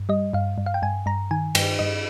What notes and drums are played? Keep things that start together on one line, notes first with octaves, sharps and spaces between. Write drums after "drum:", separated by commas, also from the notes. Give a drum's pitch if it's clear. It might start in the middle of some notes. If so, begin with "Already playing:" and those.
Already playing: G2
G3 D#5
G2 F5
G2
F5
G5
G2 G#5
G2 A#5
D#3 G#5
G2 G5, drum: cymbal
G2 D#5